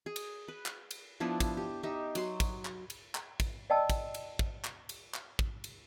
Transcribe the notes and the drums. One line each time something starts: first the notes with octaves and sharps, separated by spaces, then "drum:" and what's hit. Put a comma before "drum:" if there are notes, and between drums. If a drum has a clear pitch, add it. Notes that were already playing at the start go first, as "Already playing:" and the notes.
G#4
drum: cymbal
B4
drum: clap
drum: cymbal
F3 B3 D4 E4
drum: kick, cymbal
G4
D#4 G4 E5
F#3 C6, drum: cymbal
drum: kick, cymbal
drum: clap
drum: cymbal
drum: clap
drum: kick, cymbal
D5 D#5 G5 A5 E6
drum: kick, cymbal
drum: cymbal
drum: kick
drum: clap
drum: cymbal
drum: clap
drum: kick
drum: cymbal